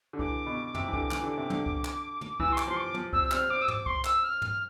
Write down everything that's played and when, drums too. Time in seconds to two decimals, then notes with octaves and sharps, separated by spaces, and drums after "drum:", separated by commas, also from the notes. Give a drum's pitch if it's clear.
0.13 D3
0.19 E3 D6, drum: kick C2
0.46 B2
0.74 C3, drum: tom
0.88 E3
0.93 D3, drum: kick C2
1.11 E3, drum: clap
1.23 D3
1.29 D6
1.38 C3
1.50 D3, drum: tom
1.66 drum: kick C2
1.85 drum: clap
2.21 drum: tom
2.40 E3 E6, drum: kick C2
2.52 C6
2.58 D6, drum: clap
2.67 F3 C6
2.76 D6
2.94 F3, drum: tom
3.13 C4 E6, drum: kick C2
3.24 E6
3.31 C4 F6, drum: clap
3.50 C4 D6
3.62 E6
3.68 D6, drum: tom
3.86 C6, drum: kick C2
4.05 E6, drum: clap
4.23 F6
4.42 F6, drum: tom